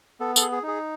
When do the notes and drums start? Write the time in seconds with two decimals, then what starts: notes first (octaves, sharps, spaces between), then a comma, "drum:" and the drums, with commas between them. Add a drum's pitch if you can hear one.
0.20 B3 A4
0.36 A4, drum: tambourine
0.42 G#4
0.52 G#4
0.63 D#4 G#4